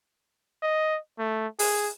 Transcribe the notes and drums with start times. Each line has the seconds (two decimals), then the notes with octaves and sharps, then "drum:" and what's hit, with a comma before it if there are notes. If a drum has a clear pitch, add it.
0.62 D#5
1.18 A3
1.59 G#4, drum: open hi-hat